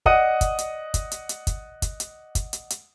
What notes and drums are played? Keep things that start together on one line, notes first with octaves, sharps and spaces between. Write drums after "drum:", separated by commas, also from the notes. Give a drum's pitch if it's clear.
D5 D#5 F#5 D#6 D#7, drum: kick
drum: kick, hi-hat
drum: hi-hat
drum: kick, hi-hat
drum: hi-hat
drum: hi-hat
drum: kick, hi-hat
drum: kick, hi-hat
drum: hi-hat
drum: kick, hi-hat
drum: hi-hat
drum: hi-hat